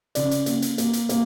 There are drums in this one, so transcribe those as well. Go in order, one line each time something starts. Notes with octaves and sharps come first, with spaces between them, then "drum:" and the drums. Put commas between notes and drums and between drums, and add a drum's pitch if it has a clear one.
C#3 D5, drum: hi-hat
drum: hi-hat
A#3, drum: hi-hat
drum: hi-hat
A#3, drum: hi-hat
drum: hi-hat
A#3, drum: hi-hat